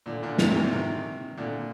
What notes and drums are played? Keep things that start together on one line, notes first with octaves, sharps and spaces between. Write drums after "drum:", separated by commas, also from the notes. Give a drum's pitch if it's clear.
A#2 D3
A#2 D3
C3 D#3, drum: snare
G#2 C3
C3 D#3
A#2 D3